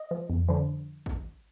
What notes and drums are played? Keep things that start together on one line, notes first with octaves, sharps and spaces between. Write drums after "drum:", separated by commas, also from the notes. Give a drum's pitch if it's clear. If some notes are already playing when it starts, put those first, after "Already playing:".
Already playing: D#5
F3
F2
D3 F3
drum: kick